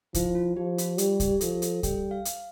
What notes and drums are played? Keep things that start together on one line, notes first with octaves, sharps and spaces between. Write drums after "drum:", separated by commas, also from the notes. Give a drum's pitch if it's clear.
F3 E4, drum: kick C2, hi-hat
F4
F3 G4
F4, drum: hi-hat
G3 G4, drum: hi-hat
G4, drum: kick C2, hi-hat
F3 A4, drum: hi-hat
A4, drum: hi-hat
G3 G5, drum: kick C2, hi-hat
F5
drum: hi-hat